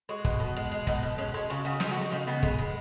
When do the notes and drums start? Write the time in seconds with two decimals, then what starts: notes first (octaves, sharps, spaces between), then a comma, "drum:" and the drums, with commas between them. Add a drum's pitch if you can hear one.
0.09 G#3 F#4
0.25 B2, drum: kick
0.40 B2
0.57 G#3
0.72 G#3
0.87 B2 D#4, drum: kick
1.03 B2
1.18 G#3 C#4
1.34 G#3 C#4
1.50 C#3 F#4
1.65 C#3 F#4
1.80 G#3 D#4, drum: snare
1.91 F#4
1.96 G#3
2.01 F#4
2.11 C#3 D#4
2.27 C#3 B3
2.43 G#3, drum: kick
2.58 G#3